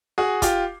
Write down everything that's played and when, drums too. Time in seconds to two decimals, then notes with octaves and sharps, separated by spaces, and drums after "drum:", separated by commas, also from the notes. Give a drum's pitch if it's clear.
0.18 F#4 G#4
0.42 F4 G4, drum: kick, hi-hat